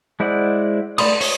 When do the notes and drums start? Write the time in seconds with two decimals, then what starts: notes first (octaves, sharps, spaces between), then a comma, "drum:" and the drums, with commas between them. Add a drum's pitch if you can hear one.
0.20 G#3 E4 C5 D5 F#5
0.98 A3 D5 B5 C6 D#6, drum: cymbal
1.21 C#5 D#6, drum: open hi-hat